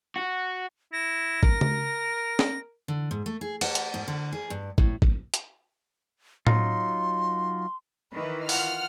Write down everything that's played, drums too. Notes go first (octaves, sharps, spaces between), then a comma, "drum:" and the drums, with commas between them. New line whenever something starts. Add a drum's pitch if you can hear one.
F#4
E4 A#6
A#4, drum: kick G#1
drum: tom C#3
drum: snare
D3
G#2
A3
G#4
F#5, drum: cymbal
drum: hi-hat
G#2
D3
G#4
G2
A2, drum: kick G#1
drum: kick G#1
drum: hi-hat
F#3 D#4 F4 C6, drum: tom A2
D#3 E3 B4
F4 F#5 F6, drum: open hi-hat